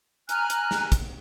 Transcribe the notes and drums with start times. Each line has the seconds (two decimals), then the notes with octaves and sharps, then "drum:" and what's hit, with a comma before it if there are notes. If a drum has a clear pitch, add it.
0.29 G#5 A#5 F6 F#6, drum: hi-hat
0.50 drum: hi-hat
0.71 drum: snare
0.92 drum: kick, hi-hat